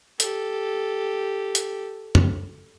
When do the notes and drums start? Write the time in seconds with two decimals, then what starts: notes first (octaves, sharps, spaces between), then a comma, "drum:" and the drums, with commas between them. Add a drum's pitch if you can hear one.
0.20 G4 A4, drum: hi-hat
1.55 drum: hi-hat
2.15 drum: tom F#2